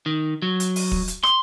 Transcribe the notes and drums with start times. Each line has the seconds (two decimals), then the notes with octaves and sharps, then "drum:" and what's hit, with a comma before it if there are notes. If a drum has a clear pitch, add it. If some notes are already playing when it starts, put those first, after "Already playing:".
0.06 D#3
0.42 F#3
0.60 drum: hi-hat
0.76 drum: open hi-hat
0.92 drum: kick
1.08 drum: hi-hat
1.23 C6, drum: rim click